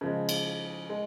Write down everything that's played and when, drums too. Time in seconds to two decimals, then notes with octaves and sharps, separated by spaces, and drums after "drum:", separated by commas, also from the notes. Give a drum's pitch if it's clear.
0.01 C#3 F3 G#3
0.29 drum: cymbal
0.90 G#3